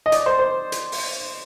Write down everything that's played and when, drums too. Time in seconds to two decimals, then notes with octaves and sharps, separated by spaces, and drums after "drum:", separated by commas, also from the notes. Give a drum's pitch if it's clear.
0.06 D#5
0.12 D5, drum: hi-hat
0.26 C5
0.39 C5
0.72 drum: hi-hat
0.92 drum: open hi-hat